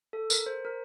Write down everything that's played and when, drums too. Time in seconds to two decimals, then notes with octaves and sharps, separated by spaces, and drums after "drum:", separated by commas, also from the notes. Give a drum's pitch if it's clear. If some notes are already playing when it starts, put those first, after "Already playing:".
0.13 A4
0.30 A#4, drum: tambourine
0.46 C5
0.65 A#4